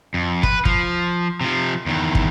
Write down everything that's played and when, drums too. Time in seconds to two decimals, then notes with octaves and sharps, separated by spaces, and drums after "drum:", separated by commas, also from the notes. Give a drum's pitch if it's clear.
0.14 F2
0.43 B4, drum: kick
0.65 F3, drum: kick
1.41 C3 F3
1.86 E2 D#3
2.15 drum: kick